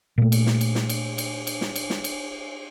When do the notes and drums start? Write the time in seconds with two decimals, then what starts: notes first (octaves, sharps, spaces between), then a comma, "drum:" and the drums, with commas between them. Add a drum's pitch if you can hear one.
0.18 A#2 A3
0.32 drum: cymbal
0.46 drum: snare
0.61 drum: cymbal
0.75 drum: snare
0.89 drum: cymbal
1.18 drum: cymbal
1.47 drum: cymbal
1.61 drum: snare
1.76 drum: cymbal
1.90 drum: snare
2.04 drum: cymbal